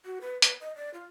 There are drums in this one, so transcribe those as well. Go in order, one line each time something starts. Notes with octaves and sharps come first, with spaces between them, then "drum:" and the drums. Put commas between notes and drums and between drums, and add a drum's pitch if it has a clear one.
F#4
B4
B4, drum: hi-hat
D#5
D5
F4